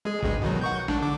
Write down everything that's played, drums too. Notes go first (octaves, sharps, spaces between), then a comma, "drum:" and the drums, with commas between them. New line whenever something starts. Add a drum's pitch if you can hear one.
G#3 G#4
G#1 G2 G#3, drum: kick B1
B2 D#3 F#3
F#5 C#6 G6
A#1 D4, drum: snare
D3 D6